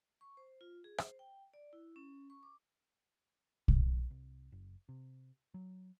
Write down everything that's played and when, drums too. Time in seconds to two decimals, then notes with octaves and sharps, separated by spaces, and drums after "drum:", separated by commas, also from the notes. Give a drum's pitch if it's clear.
0.21 C#6
0.37 C5
0.61 F4
0.84 G#4
0.98 C5, drum: rim click
1.19 G5
1.54 D5
1.73 E4
1.96 C#4
2.30 C#6
2.43 D6
3.68 A#1, drum: kick
4.11 C2
4.52 F#1
4.89 C3
5.54 F#3